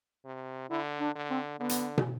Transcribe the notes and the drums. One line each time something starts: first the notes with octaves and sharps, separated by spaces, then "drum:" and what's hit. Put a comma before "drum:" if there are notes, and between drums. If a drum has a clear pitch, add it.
C3
D3 E4
D4
D3
C4
D3 B3
drum: hi-hat
drum: tom